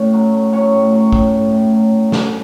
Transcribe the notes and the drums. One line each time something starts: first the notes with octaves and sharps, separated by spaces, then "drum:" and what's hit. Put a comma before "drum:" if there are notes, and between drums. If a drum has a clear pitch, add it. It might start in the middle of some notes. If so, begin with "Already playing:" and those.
Already playing: A2 C#4 C#5
F#3
A3
F#3 C#4 C#5
A2
F#3
A2, drum: kick A1
A2
A2
F#3
drum: snare